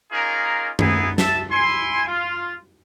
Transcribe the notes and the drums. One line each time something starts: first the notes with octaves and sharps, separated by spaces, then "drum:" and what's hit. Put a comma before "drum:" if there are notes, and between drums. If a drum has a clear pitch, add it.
A#3 C#4 D#4 F4 G#4 A#4
B3 D#4 E4 G#4, drum: tom
E5 A5, drum: snare
E4 G#5 C6
F4